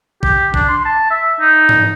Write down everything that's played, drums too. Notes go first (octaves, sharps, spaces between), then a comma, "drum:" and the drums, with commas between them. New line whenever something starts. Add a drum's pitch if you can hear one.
G4, drum: kick
D4, drum: kick
C6
A5
E5
D#4
drum: tom G#2